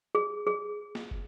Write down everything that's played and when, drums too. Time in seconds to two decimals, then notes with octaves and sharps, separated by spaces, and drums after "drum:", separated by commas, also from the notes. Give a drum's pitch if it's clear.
0.15 G#4
0.47 G#4
0.95 drum: snare
1.11 drum: kick